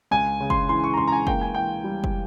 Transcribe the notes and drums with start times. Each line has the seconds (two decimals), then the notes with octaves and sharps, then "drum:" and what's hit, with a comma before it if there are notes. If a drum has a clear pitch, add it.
0.11 C#2 G#5
0.40 C#3
0.50 C6, drum: kick
0.69 E3 C6
0.84 C#6
0.94 A#5
0.97 C#2 C6
1.08 A#5
1.12 G#5
1.27 A#3 G5, drum: kick
1.41 G#5
1.54 E3 G5
1.84 G3
2.04 drum: kick